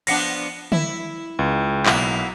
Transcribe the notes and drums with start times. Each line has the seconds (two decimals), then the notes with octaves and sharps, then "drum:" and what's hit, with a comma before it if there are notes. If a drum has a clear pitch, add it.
0.07 F3 B3 D4 A#6 C7 C#7, drum: cymbal
0.72 E4, drum: tom D3
1.39 C#2
1.86 B1 A#3 B3 E4, drum: clap